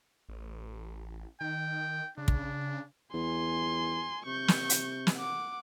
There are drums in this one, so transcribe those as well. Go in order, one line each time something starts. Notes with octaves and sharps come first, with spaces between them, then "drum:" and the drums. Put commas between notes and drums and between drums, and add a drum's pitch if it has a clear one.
A1
D#3 G5
C#3 D4
drum: kick
E2 G#5 C6
C3 C#6 G6
drum: snare
drum: hi-hat
drum: snare
F#5 D6